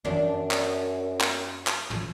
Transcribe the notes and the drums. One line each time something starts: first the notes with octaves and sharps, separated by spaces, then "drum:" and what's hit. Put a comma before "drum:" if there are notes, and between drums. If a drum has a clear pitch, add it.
F#2 D4, drum: tom
drum: clap
drum: clap
drum: clap
drum: tom